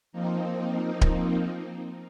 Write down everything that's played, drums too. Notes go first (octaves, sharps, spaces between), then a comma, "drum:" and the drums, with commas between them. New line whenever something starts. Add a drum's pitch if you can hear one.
F3 A#3 C4 D#4
drum: kick D1